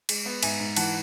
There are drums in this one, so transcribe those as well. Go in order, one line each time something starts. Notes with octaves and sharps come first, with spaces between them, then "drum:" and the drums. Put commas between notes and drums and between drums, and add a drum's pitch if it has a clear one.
G#3, drum: cymbal
B3
G#2 E5 G#5, drum: cymbal
G#2
E3 F#5 A5, drum: cymbal